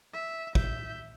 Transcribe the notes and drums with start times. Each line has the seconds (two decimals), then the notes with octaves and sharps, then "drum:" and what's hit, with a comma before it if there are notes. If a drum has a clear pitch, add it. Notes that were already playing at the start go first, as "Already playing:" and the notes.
0.13 E5
0.55 E5 G6, drum: kick